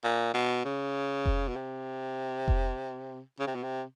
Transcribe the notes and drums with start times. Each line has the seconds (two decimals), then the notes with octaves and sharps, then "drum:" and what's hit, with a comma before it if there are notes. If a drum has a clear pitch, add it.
0.04 A#2
0.34 B2
0.65 C#3
1.26 drum: kick F1
1.48 B2
1.55 C3
2.48 drum: kick F1
3.39 C#3
3.47 C3
3.55 B2
3.63 C3